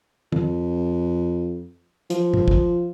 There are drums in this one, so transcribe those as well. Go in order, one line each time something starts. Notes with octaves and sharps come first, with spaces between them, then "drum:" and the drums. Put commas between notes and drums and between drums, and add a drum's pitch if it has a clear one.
F2, drum: tom
F3, drum: hi-hat
drum: tom
drum: kick